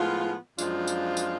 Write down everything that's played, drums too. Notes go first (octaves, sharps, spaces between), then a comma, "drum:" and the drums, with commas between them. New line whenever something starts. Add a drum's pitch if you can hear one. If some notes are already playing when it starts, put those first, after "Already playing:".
Already playing: A2 F3 G#3 B3 F4
F#2 F3 G#3 D4 F4, drum: tambourine
drum: tambourine
drum: tambourine